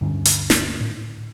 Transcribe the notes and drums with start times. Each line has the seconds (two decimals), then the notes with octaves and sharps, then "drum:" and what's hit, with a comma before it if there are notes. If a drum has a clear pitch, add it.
0.01 D2 G2 D3 C#4
0.25 drum: hi-hat
0.50 drum: snare
0.81 A2